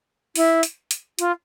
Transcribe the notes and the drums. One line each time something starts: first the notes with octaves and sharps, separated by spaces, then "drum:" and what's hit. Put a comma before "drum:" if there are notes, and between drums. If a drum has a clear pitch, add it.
E4, drum: open hi-hat
drum: hi-hat
drum: hi-hat
F4, drum: hi-hat